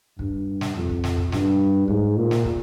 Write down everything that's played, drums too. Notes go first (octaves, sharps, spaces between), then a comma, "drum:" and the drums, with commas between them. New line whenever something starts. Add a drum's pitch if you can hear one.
G2, drum: kick
drum: snare
F2
drum: kick
drum: snare
drum: kick
G2, drum: snare
G#2, drum: kick
A#2
drum: snare
drum: kick